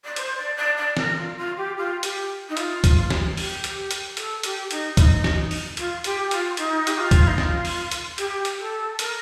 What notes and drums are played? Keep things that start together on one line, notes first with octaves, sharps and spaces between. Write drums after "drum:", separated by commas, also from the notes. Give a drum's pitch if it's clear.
D5
C5, drum: hi-hat
D5
D5
D5
A#4, drum: snare
F4
F4
G4
F4
G4, drum: hi-hat
D#4
F4, drum: hi-hat
drum: kick, hi-hat
drum: snare
G4, drum: open hi-hat
drum: hi-hat
drum: hi-hat
A4, drum: hi-hat
G4, drum: hi-hat
D#4, drum: hi-hat
F4, drum: kick, hi-hat
D#4
drum: snare
drum: open hi-hat
F4, drum: hi-hat
G4, drum: hi-hat
F4, drum: hi-hat
D#4, drum: hi-hat
G4, drum: hi-hat
F4
drum: kick, hi-hat
D#4
F4, drum: snare
drum: open hi-hat
drum: hi-hat
G4, drum: hi-hat
drum: hi-hat
A4
A#4, drum: hi-hat